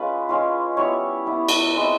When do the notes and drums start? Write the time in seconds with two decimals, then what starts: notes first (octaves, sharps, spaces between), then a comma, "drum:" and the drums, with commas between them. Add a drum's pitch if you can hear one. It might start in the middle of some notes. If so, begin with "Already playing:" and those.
Already playing: G#3 C#4 F4 B4
0.29 G#3 C#4 F4
0.77 G3 B3 E4 C#5
1.26 G3 B3 E4
1.49 drum: cymbal
1.75 G#3 C4 E4